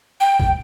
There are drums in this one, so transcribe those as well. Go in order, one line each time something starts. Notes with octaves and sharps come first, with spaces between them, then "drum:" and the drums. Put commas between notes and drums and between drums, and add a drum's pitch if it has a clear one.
G5
drum: kick A#1